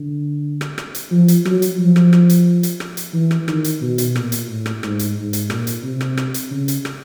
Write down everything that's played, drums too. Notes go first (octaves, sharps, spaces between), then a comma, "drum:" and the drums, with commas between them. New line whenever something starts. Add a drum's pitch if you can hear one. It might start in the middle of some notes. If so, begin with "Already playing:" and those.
Already playing: D3
drum: rim click
drum: rim click
drum: hi-hat
F3
drum: hi-hat
F#3, drum: rim click
drum: hi-hat
F3
drum: rim click
drum: rim click
drum: hi-hat
drum: hi-hat
drum: rim click
drum: hi-hat
E3
drum: rim click
D#3, drum: rim click
drum: hi-hat
B2
drum: hi-hat
A#2, drum: rim click
drum: hi-hat
A2
drum: rim click
G#2, drum: rim click
drum: hi-hat
G#2
drum: hi-hat
A#2, drum: rim click
drum: hi-hat
C3
drum: rim click
drum: rim click
drum: hi-hat
C#3
drum: hi-hat
drum: rim click